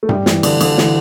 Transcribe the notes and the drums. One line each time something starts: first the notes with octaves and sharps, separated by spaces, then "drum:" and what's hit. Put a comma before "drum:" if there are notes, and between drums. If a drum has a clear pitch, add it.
A3
G3, drum: tom G2
E3, drum: snare
D3, drum: cymbal
D3, drum: cymbal
E3, drum: snare